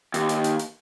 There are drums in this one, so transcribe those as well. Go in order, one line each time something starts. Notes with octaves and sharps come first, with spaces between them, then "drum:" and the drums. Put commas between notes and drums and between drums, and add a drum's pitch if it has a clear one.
D#2, drum: hi-hat
drum: hi-hat
drum: hi-hat
drum: hi-hat